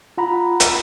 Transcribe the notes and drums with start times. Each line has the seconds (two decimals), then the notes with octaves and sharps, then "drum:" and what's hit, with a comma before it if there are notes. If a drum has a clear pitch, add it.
0.18 F4 F#5 A#5 B5
0.60 drum: hi-hat